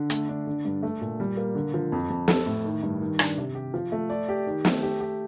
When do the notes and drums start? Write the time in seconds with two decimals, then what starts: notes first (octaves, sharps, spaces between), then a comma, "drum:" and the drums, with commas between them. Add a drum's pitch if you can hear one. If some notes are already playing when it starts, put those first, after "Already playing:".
Already playing: D3
0.10 A3, drum: hi-hat
0.29 D4
0.47 D3
0.65 G2
0.83 A3
1.01 A#2
1.20 G3
1.37 A#3
1.55 D3
1.74 F3
1.92 F2
2.10 F2
2.28 A4, drum: snare
2.46 A2
2.65 D#3
2.83 G2
3.01 D#3
3.19 D4, drum: rim click
3.38 C3
3.55 G4
3.74 F3
3.92 A3
4.10 D5
4.29 G4
4.47 D#3
4.65 A3, drum: snare
4.82 G4
5.01 G4